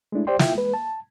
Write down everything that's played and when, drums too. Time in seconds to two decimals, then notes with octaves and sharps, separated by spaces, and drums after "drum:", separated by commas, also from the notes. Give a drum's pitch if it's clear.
0.12 G#3 A3 D4 E4
0.27 G4 C5 D5 G5 C6
0.39 E4 F4 E5 G5, drum: snare
0.55 G#3 B4
0.74 A5